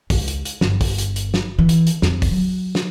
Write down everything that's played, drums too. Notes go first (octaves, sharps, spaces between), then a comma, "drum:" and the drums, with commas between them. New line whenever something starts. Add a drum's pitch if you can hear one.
C#2, drum: kick A1, open hi-hat
drum: hi-hat
drum: hi-hat
G1, drum: snare
drum: kick A1, open hi-hat
drum: hi-hat
drum: hi-hat
drum: snare
E3
drum: hi-hat
drum: hi-hat
F2, drum: snare
drum: kick A1, open hi-hat
F#3
drum: snare